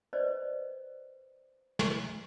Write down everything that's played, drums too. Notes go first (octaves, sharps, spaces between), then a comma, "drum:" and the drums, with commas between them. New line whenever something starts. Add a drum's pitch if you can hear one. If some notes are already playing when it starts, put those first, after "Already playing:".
B4 C5 D5 D#5
drum: snare